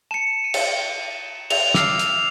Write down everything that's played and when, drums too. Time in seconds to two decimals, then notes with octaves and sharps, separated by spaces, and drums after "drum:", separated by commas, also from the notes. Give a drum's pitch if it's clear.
0.11 A5 C#7 E7
0.44 D#7
0.54 drum: cymbal
1.50 F7, drum: cymbal
1.74 D6 E6 F6 C7, drum: snare
1.99 drum: hi-hat